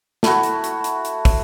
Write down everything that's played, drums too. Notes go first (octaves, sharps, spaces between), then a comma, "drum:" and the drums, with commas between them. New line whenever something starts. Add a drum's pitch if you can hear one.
A3 E4 F#4, drum: snare
drum: hi-hat
drum: hi-hat
drum: hi-hat
drum: hi-hat
drum: kick, open hi-hat